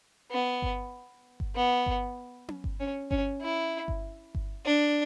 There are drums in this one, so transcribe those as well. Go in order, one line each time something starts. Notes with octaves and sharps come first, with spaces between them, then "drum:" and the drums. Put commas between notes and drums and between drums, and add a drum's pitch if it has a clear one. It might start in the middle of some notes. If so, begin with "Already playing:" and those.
B3
drum: kick G1
drum: kick G1
B3
drum: kick G1
drum: tom C#4
drum: kick G1
C#4
C#4, drum: kick G1
E4
drum: kick G1
drum: kick G1
D4